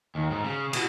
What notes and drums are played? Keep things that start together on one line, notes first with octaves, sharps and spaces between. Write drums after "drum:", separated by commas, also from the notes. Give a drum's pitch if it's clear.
D#2
G#2
C#3
B2, drum: cymbal